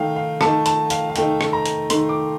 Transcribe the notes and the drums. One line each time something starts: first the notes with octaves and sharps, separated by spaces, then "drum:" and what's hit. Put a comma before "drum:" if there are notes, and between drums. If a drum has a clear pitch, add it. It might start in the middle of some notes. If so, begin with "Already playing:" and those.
Already playing: D#3 A3 D#4 F5 G5
F5
D#3 A3 D#4 A5, drum: rim click
A5, drum: hi-hat
F5, drum: hi-hat
F5
D#3 A3 D#4 G5, drum: hi-hat
drum: rim click
A#5
drum: hi-hat
D#3 A3 D#4 C6, drum: hi-hat
D6